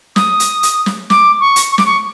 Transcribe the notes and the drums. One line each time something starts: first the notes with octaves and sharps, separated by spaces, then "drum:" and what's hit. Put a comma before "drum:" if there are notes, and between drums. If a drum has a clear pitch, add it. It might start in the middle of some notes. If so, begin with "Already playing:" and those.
D#6, drum: snare
drum: hi-hat
drum: hi-hat
drum: snare
D6, drum: snare
C#6
drum: hi-hat
C#6
D6, drum: snare
C#6